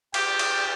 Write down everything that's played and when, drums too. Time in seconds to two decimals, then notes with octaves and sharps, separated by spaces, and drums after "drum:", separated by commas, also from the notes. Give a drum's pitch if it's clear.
0.14 G4, drum: cymbal
0.39 drum: cymbal